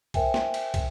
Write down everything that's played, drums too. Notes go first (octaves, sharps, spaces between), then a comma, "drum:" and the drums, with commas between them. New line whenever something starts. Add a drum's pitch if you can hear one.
A#4 C5 E5 G5 G#5, drum: kick, cymbal
drum: snare
drum: cymbal
drum: kick, cymbal